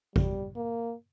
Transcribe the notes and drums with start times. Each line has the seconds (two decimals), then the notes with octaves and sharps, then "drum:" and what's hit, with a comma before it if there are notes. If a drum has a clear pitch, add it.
0.16 G3, drum: kick
0.56 A#3